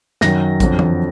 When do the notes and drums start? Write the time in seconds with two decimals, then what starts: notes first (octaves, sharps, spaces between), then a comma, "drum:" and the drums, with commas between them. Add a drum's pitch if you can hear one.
0.21 F#2 D#3 F#3 A#6, drum: snare
0.60 F2 D3 F#3, drum: kick A1, hi-hat
0.79 drum: tom E3